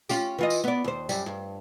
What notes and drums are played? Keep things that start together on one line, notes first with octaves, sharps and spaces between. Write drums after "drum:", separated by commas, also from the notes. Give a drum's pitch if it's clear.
C#4 F4 G4, drum: tambourine
E3 F4 D#5
drum: tambourine
B3 D5
D#2 C5
F#2 G3, drum: tambourine
G2